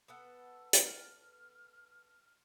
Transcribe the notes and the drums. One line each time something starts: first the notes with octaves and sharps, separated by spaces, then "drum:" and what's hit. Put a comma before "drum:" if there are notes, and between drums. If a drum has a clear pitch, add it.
B3 A4 F#5 E6
drum: hi-hat
F6